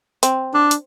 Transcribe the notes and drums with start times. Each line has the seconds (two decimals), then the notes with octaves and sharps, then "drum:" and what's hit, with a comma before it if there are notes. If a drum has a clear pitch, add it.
0.23 C4, drum: hi-hat
0.54 D4
0.71 drum: hi-hat